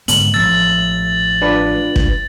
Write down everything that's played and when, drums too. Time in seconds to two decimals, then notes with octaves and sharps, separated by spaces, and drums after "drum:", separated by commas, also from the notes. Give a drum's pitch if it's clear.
0.08 G#2 D3 B3 F#7, drum: hi-hat
0.34 A1 F3 A3 E6 A6
1.42 D4 F4 B4
1.96 drum: kick